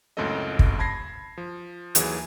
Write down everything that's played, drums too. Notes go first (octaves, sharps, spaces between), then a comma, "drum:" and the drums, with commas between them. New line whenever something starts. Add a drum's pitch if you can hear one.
C#2 F#2 A2 C4 A4 D#5
drum: kick
A5 B5 G#6 A#6 C7
F3
D#2 E3 F#3 G#4, drum: hi-hat